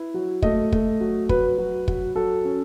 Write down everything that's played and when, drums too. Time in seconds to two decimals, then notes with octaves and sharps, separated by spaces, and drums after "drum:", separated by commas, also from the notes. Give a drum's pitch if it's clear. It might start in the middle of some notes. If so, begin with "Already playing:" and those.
Already playing: E4 B4
0.14 F#3
0.42 A3 D#5, drum: kick
0.72 A3, drum: kick
1.00 F#3
1.29 F#3 B4, drum: kick
1.58 F#3
1.88 F#3, drum: kick
2.15 F#3 A4
2.45 C#4